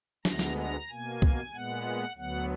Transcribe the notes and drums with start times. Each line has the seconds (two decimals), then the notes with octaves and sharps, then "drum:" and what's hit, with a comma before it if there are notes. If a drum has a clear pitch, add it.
0.25 D2 D3 G#3 B3 A#5, drum: snare
0.39 drum: snare
0.57 A#5
0.90 B2 A#3 G#5
1.22 drum: kick C2
1.53 A#2 G#3 B3 F#5
2.17 D2 D3 F#3 B3 F#5